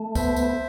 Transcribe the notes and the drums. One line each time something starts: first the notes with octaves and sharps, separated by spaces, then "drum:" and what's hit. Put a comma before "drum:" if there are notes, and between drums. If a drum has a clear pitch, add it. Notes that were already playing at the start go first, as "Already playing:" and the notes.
Already playing: A3
B3 C5 E5, drum: kick C2, tambourine
drum: tambourine